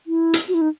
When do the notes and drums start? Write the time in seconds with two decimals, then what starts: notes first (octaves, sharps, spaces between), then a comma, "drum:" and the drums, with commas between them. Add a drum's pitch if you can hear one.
0.07 E4
0.34 drum: hi-hat
0.48 F#4
0.54 E4
0.61 D#4